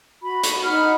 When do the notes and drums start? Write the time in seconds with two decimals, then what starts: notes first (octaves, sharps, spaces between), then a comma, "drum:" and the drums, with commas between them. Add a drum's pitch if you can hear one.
0.23 F#4 B5
0.43 drum: hi-hat
0.64 D#4 F#5 B5 F6